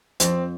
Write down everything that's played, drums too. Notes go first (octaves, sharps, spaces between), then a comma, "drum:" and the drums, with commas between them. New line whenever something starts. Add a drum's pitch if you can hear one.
F2 C4, drum: hi-hat